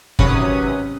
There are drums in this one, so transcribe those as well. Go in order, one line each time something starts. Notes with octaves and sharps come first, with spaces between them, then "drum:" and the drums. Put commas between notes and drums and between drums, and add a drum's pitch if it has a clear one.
G#1 C3 F#3 C#4 B4 D#6, drum: kick